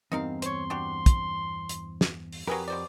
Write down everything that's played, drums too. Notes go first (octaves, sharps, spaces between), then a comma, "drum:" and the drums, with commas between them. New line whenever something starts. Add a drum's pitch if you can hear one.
E2 G2 C4 D#4 A#4 F5
C5 C#5 C6, drum: hi-hat
D4 F#4 G4
drum: kick, hi-hat
drum: hi-hat
drum: snare
drum: open hi-hat
F2 F#3 G4 G#4 A#4 B4
B2 C5 D5